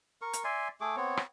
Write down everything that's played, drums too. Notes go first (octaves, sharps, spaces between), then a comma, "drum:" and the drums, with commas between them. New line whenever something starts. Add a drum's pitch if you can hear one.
A#4 C#6
drum: hi-hat
D5 E5 G#5 C6
A3 G#4 D6
B3 C4 C#5
drum: rim click